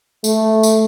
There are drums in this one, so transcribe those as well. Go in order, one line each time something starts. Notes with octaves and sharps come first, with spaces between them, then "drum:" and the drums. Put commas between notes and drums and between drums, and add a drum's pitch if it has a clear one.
A3, drum: tambourine
drum: tambourine